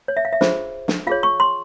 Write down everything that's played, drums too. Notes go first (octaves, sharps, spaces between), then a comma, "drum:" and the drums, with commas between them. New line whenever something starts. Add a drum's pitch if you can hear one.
C#5
E5
F5
E5
F4 G#4 C5, drum: snare
drum: snare
F4 G#4 C#5 F5
C#6
C6